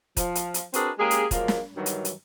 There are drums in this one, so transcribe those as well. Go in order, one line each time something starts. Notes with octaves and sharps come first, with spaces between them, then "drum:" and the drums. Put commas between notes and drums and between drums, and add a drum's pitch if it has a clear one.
F3, drum: kick, hi-hat
drum: hi-hat
drum: hi-hat
C4 D4 F#4 G#4 A#4 B4, drum: hi-hat
G#3 A#3 C#4 G4 G#4
drum: hi-hat
F3 F#3 G#3 A#3, drum: kick, hi-hat
drum: snare
G2 D#3 E3 F#3
drum: hi-hat
drum: hi-hat